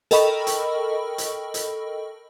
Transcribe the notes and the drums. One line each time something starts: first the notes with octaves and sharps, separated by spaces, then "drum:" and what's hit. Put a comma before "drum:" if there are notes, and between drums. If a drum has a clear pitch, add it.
A4 A#4 D#5 G5 B5 C#6, drum: hi-hat
drum: hi-hat
drum: hi-hat
drum: hi-hat